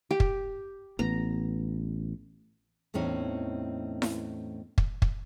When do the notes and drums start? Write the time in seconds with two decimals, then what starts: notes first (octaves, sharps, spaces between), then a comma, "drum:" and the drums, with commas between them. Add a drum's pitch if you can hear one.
0.11 G4
0.20 drum: kick
0.99 A1 B3 A#5
2.94 E2 A2 C4 C#4 D#4
4.02 drum: snare E4
4.78 drum: kick
5.02 drum: kick